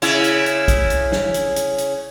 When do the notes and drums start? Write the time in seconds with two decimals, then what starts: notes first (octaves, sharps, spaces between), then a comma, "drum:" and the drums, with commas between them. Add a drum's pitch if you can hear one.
0.02 C#3 E4, drum: hi-hat
0.24 drum: hi-hat
0.46 drum: hi-hat
0.68 drum: kick A1, hi-hat
0.90 drum: hi-hat
1.12 drum: snare
1.34 drum: hi-hat
1.56 drum: hi-hat
1.78 drum: hi-hat